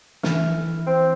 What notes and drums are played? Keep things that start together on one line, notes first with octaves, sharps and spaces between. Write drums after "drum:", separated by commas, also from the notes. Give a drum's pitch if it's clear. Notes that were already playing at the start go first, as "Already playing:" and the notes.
E3 A4 F6, drum: snare
C4